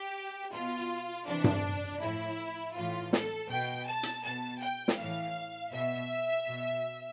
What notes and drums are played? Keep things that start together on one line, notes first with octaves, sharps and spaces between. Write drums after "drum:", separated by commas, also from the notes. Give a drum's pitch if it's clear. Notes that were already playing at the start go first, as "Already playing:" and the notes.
Already playing: G4
B2 F4
C3 E3 D4
drum: tom G2
A2 F3 E4
A2 E3 F4
A4, drum: snare
B2 G5
A5
drum: hi-hat
B2 A5
G5
drum: snare
A2 E3 F5
B2 E5
B2